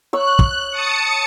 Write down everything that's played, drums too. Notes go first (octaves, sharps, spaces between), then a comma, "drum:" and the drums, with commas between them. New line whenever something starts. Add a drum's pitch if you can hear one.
C#5 E6 F#6
drum: kick
A5 D#6 C#7